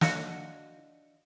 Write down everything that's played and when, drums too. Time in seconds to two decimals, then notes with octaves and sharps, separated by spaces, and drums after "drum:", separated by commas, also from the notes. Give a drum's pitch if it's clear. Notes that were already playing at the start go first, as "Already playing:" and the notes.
0.01 D4 F#4 D#5 F5, drum: snare